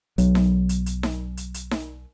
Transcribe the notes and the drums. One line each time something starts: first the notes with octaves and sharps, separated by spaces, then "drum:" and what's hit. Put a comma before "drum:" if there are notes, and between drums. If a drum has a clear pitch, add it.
B1 F#3, drum: hi-hat
drum: snare D#4
drum: hi-hat
drum: hi-hat
drum: snare D#4
drum: hi-hat
drum: hi-hat
drum: snare D#4